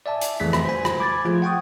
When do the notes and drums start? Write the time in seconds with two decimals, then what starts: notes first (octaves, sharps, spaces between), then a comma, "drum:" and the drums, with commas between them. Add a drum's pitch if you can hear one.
0.06 D5 E5 G#5 A5
0.21 drum: hi-hat
0.40 F2 E3 A3 G#4 B6
0.53 drum: rim click
0.65 C5 G#5
0.85 drum: rim click
0.99 B5 D6 G#6 A6
1.25 F3 A3 F4 G#4 G#6
1.42 F#5 G5 C#6 D#6